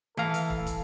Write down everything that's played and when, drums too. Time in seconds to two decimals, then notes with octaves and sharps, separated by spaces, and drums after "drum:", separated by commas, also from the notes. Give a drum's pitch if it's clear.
0.17 E3 A3 A4 F5 A#5
0.34 drum: hi-hat
0.50 drum: kick
0.67 drum: kick, hi-hat